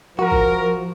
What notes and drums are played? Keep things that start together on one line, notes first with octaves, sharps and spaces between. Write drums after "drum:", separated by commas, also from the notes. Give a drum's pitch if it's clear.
F3 F#4 A#4
drum: kick